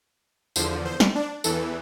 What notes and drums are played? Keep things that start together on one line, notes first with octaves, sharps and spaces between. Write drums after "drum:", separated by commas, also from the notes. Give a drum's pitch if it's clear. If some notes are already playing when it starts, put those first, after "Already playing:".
E2 D3 F3 C5, drum: tambourine
C5
drum: snare
D4
E2 E3 A4, drum: tambourine